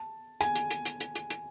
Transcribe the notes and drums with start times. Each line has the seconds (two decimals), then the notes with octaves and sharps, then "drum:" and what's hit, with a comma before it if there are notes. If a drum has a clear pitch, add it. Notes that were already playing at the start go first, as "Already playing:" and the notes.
Already playing: A5
0.41 G#5, drum: hi-hat
0.55 drum: hi-hat
0.70 drum: hi-hat
0.85 drum: hi-hat
1.00 drum: hi-hat
1.15 drum: hi-hat
1.30 drum: hi-hat